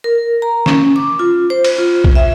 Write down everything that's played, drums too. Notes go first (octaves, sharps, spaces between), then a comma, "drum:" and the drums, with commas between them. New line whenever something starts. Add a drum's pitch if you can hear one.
A#4
A#5
C#4, drum: snare
D6
F4
C5
drum: cymbal
F4
drum: kick B1
E5